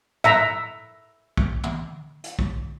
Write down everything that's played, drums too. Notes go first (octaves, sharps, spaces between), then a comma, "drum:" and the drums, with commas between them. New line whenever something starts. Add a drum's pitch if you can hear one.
E5 A#5, drum: tom
drum: kick
drum: tom
drum: hi-hat
drum: kick